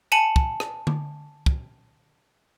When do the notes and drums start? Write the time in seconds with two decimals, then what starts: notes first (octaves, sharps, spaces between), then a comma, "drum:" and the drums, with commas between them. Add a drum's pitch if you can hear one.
0.12 G#5 A5 C#7 F#7
0.36 drum: kick
0.60 drum: rim click
0.87 drum: tom D3
1.46 drum: kick